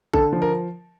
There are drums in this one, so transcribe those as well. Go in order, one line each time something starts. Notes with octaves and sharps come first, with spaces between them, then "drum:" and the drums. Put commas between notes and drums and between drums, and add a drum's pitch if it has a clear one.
D3 A4, drum: kick A1
F3
A#4